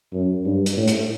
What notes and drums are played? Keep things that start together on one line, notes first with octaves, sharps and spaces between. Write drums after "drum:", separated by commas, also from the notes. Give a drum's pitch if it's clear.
F#2
G2
drum: hi-hat
A2
drum: hi-hat